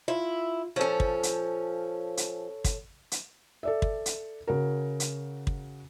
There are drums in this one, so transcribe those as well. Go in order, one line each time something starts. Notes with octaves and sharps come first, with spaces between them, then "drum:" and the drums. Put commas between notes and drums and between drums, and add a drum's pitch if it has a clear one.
E4 F4
F3 C#4 A4 C#5
drum: kick
drum: hi-hat
drum: hi-hat
drum: kick, hi-hat
drum: hi-hat
A4 D5 E5
drum: kick
drum: hi-hat
C#3 F#4 A#4
drum: hi-hat
drum: kick